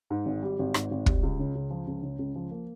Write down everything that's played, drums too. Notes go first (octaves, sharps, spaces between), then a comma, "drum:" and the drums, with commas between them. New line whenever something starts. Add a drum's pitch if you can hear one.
G#2
G#1
G3
G#1
G#2, drum: rim click
G#1
G3, drum: kick
C#2
C#3
C#2
F3
C#2
C#3
C#2
F3
A#3